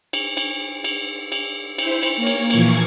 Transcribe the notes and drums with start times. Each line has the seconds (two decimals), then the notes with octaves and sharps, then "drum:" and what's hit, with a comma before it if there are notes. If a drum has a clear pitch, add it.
0.13 drum: cymbal
0.37 drum: cymbal
0.84 drum: cymbal
1.32 drum: cymbal
1.78 E4 C5, drum: cymbal
2.03 drum: cymbal
2.17 A#3 C#5
2.27 drum: cymbal
2.50 A#2 E3 F3 A#3 C#6 G#6, drum: cymbal